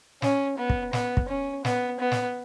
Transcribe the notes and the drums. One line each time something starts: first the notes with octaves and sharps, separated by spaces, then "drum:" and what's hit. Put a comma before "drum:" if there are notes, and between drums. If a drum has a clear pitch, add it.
C#4, drum: snare
B3
drum: kick
B3, drum: snare
drum: kick
C#4
B3, drum: snare
B3
drum: snare